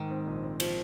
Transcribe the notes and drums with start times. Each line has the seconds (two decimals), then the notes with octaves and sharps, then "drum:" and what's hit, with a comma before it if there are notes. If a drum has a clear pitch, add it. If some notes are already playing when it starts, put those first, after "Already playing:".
Already playing: G#2 D#3
0.11 C4
0.26 A#1
0.43 C4
0.60 F3, drum: cymbal